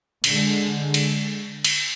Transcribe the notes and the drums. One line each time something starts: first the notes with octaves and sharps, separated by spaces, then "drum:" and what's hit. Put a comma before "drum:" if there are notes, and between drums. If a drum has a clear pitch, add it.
D3 G#3, drum: cymbal
drum: cymbal
drum: cymbal